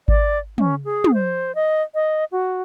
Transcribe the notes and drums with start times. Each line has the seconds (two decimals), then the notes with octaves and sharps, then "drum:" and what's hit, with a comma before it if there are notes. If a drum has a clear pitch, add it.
0.08 D5, drum: kick G#1
0.58 C#4, drum: tom
0.85 G#4
1.04 drum: tom
1.14 C5
1.55 D#5
1.94 D#5
2.32 F#4